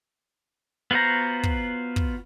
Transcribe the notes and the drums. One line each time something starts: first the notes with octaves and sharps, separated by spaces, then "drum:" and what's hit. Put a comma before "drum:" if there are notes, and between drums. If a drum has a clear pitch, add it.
B3 F4 F#4 C5 A#5
drum: kick
drum: kick